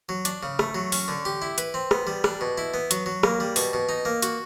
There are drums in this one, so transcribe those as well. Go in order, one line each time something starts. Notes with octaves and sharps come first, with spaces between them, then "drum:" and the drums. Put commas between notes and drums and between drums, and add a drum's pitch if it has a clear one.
F#3
D4, drum: hi-hat
C#3
A3, drum: rim click
F#3
C#4, drum: open hi-hat
D3
G4
E4
B4, drum: hi-hat
C4
B3, drum: rim click
G3
D4, drum: rim click
B2
E4
B3
F#3, drum: hi-hat
F#3
A#3, drum: rim click
G3
B2, drum: open hi-hat
B2
D#4
A#3
F#4, drum: hi-hat